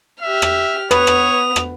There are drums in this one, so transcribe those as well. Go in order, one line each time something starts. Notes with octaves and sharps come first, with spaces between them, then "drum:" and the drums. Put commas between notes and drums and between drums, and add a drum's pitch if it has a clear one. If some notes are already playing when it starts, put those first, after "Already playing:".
G4 E5 F6
drum: rim click
B3 B4 C#5 D#6 F7, drum: rim click
drum: rim click
drum: rim click